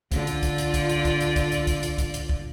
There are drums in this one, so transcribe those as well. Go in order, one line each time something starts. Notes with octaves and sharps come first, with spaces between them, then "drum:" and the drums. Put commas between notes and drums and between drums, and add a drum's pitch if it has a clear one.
D3 F4 D5, drum: kick C2, hi-hat
drum: hi-hat
drum: kick C2, hi-hat
drum: hi-hat
drum: kick C2, hi-hat
drum: hi-hat
drum: kick C2, hi-hat
drum: hi-hat
drum: kick C2, hi-hat
drum: hi-hat
drum: kick C2, hi-hat
drum: hi-hat
drum: kick C2, hi-hat
drum: hi-hat
drum: kick C2